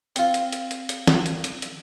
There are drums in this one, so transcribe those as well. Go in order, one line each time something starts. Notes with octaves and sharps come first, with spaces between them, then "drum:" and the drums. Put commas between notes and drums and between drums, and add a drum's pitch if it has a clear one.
C4 F4, drum: hi-hat
drum: hi-hat
drum: hi-hat
drum: hi-hat
drum: hi-hat
drum: snare
drum: hi-hat
drum: hi-hat
drum: hi-hat